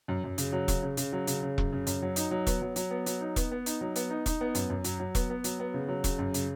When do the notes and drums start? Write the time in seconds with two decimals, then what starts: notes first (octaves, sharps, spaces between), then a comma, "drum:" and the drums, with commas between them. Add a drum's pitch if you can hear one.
0.08 F#2
0.24 F#2
0.38 C#3, drum: hi-hat
0.52 F#3
0.68 C#3, drum: kick E1, hi-hat
0.82 C#3
0.97 C#3, drum: hi-hat
1.12 F#3
1.27 C#3, drum: hi-hat
1.43 C#3
1.58 F#2, drum: kick E1
1.72 C#3
1.87 F#2, drum: hi-hat
2.02 F#3
2.16 D#4, drum: hi-hat
2.31 F#3
2.47 B3, drum: kick E1, hi-hat
2.62 F#3
2.76 F#3, drum: hi-hat
2.91 B3
3.06 F#3, drum: hi-hat
3.21 D#4
3.36 B3, drum: kick E1, hi-hat
3.51 B3
3.66 D#4, drum: hi-hat
3.81 F#3
3.96 B3, drum: hi-hat
4.10 D#4
4.26 D#4, drum: kick E1, hi-hat
4.41 B3
4.55 F#2, drum: hi-hat
4.70 F#2
4.84 F#3, drum: hi-hat
5.00 F#3
5.15 B3, drum: kick E1, hi-hat
5.30 B3
5.44 F#3, drum: hi-hat
5.60 B3
5.74 C#3
5.88 F#3
6.04 C#3, drum: kick E1, hi-hat
6.19 F#2
6.34 C#3, drum: hi-hat